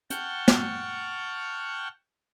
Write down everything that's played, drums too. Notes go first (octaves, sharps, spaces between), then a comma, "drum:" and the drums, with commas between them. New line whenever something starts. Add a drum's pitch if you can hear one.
F#5 G5 A5 C#6 F6 G6, drum: hi-hat
drum: snare